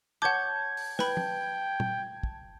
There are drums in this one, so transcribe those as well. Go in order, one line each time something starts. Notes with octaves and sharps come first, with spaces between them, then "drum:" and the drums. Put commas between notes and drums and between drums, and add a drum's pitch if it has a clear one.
C#5 F#5 A5 D6 G6 G#6
drum: open hi-hat
B4 G5 B5, drum: snare
drum: tom
drum: tom
drum: kick